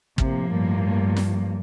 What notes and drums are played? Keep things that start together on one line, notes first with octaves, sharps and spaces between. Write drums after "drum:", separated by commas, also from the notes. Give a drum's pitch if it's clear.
A2 C3 F3 A#3, drum: kick
G2
drum: snare